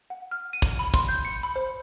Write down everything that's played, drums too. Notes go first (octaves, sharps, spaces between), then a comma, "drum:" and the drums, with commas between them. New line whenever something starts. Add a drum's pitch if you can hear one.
F#5
F6
D#7
drum: kick
B5
C6, drum: kick
G6
C#7
B5
C5